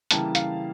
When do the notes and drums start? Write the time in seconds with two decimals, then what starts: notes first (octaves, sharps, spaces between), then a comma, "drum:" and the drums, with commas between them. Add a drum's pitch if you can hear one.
0.11 C#3 E3 G3 A#3 A5, drum: hi-hat
0.35 F5, drum: hi-hat